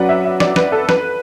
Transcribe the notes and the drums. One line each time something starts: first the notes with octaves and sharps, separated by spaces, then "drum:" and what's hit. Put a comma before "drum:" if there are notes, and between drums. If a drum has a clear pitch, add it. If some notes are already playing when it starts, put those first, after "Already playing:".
Already playing: F#3 C#4 B4 D5 F#5
E5
E5
D5, drum: snare
B4, drum: snare
A4
B4, drum: snare